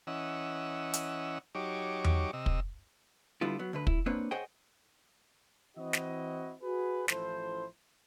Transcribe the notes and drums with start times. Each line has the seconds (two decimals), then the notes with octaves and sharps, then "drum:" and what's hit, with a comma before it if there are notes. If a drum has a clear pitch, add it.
0.07 E3 C#4 D#5 F#5 E6
0.93 drum: hi-hat
1.55 F#3 D#4 G4 C#5 D6
2.04 drum: tom E2
2.33 C3 D#5 E6
2.46 drum: kick
3.41 D3 G3 B3 E4 F4
3.59 F#3 B3
3.73 D2 D3 B4
3.87 E4, drum: kick
4.06 A#3 C4 D4 B4 C#5
4.31 G#4 C5 C#5 D#5 F#5 G5
5.77 E3 C4 E4 F#4 D#5
5.93 drum: snare
6.62 F#4 G#4 B4
7.08 A1 F3 E4 A4 C5, drum: snare